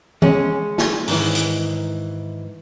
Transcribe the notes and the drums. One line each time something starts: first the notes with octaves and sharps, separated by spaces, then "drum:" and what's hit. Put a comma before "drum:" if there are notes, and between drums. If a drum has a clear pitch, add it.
G#3 C#4, drum: tom E3
drum: snare
G#2 D#3 E3, drum: open hi-hat
drum: hi-hat